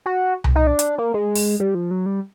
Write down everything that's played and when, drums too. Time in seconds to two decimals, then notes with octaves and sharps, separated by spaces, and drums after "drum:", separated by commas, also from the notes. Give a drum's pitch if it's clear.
0.06 F#4
0.44 drum: tom C2
0.55 D#4
0.67 D4
0.79 drum: hi-hat
0.98 A#3
1.14 G#3
1.35 drum: open hi-hat
1.60 G3
1.75 F3
1.91 F#3
2.06 G3